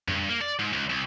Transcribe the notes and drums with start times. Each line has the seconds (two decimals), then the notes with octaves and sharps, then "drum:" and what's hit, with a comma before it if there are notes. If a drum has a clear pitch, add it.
0.08 G2, drum: tom F2
0.29 A#3
0.41 D5
0.59 G#2
0.73 C#2
0.89 C2